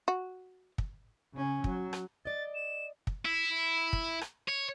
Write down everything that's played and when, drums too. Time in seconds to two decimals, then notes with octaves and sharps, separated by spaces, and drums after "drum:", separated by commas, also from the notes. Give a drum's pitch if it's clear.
0.08 F#4
0.78 drum: kick
1.34 C#3 C#4
1.64 F#3, drum: kick
1.93 drum: rim click
2.25 D5 D#5 A6
2.55 E7
3.07 drum: kick
3.25 E4
3.93 drum: kick
4.21 drum: rim click
4.48 C#5